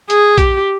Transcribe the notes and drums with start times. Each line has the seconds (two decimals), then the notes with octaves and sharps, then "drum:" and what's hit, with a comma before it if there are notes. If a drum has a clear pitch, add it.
0.10 G#4, drum: hi-hat
0.38 G4, drum: kick A#1, hi-hat